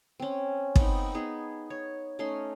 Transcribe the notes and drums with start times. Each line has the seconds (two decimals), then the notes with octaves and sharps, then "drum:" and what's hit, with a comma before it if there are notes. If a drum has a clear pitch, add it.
0.20 C4 C#4
0.76 B3 C4 D#4, drum: kick
1.14 B3 D#4 G#4
1.70 C#5
2.19 A3 C#4 D#4 C6